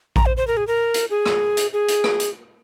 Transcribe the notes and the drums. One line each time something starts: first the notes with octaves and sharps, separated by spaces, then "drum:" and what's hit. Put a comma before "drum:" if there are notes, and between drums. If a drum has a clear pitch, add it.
A#5, drum: kick A#1
C5
C5
A#4
G#4
A#4
drum: hi-hat
G#4
drum: rim click
drum: hi-hat
G#4
drum: hi-hat
drum: rim click
drum: hi-hat